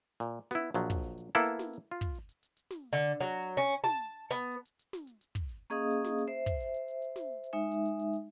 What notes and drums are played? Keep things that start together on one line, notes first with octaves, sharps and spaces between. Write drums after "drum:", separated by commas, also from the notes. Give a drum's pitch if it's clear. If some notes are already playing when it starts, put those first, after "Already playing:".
A#2, drum: hi-hat
B3 E4, drum: snare
A#1 F3 F#3, drum: hi-hat
drum: kick, hi-hat
drum: hi-hat
drum: hi-hat
A#3 B3 E4 A4
drum: hi-hat
drum: snare
drum: hi-hat
F4
drum: kick
drum: hi-hat
drum: hi-hat
drum: hi-hat
drum: hi-hat
drum: snare
D3
F#3
drum: hi-hat
C#4
drum: hi-hat
A5, drum: snare
B3
drum: hi-hat
drum: hi-hat
drum: hi-hat
drum: snare
drum: hi-hat
drum: hi-hat
drum: kick, hi-hat
drum: hi-hat
A#3 C#4 G#4 D#5 F5 D#6
drum: hi-hat
drum: snare
drum: hi-hat
C5 E5
drum: kick, hi-hat
drum: hi-hat
drum: hi-hat
drum: hi-hat
drum: hi-hat
drum: snare
drum: hi-hat
G#3 D#4 E5
drum: hi-hat
drum: hi-hat
drum: hi-hat
drum: hi-hat